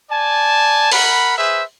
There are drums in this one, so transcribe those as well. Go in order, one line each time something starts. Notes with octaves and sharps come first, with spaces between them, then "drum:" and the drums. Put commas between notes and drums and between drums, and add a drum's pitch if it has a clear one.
D5 G#5 A5
A#4 F#5 B5, drum: open hi-hat
G#4 B4 C5 E5